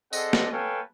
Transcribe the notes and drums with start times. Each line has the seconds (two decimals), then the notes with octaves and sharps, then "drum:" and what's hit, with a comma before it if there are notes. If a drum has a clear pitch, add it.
0.13 C4 G#4 A4 D5 D#5 F#5, drum: tambourine
0.33 drum: snare
0.52 A4 B4 C#5 F5 G5 G#5